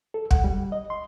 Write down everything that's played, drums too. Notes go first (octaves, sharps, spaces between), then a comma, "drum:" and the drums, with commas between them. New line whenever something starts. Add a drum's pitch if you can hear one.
A4
F#5, drum: kick
G3
D#5
C6